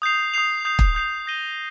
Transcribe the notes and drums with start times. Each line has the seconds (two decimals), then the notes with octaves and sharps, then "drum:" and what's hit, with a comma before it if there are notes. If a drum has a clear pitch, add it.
0.02 D#6 G6 C7 F7
0.34 D#6 G6 C7 F7
0.65 D#6 G6 C7 F7
0.79 drum: kick
0.95 D#6 G6 C7 F7
1.26 D#6 G6 A#6 D#7 G7